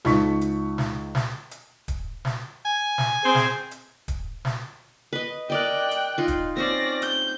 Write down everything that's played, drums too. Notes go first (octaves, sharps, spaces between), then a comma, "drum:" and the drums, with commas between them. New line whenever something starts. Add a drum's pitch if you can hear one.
C#2 D#4 D#5 A5 C#6 B6, drum: snare
drum: hi-hat
drum: snare
drum: snare
drum: hi-hat
drum: kick D#1, hi-hat
drum: snare
G#5
drum: snare
C4 G#4 C5
drum: snare
drum: hi-hat
drum: kick D#1, hi-hat
drum: snare
B4 D#5
A#4 D5 D#5 G5 F#6
drum: hi-hat
D#4 F4
drum: kick D#1, hi-hat
C4 C#4 C5 D5 A#6
G6, drum: hi-hat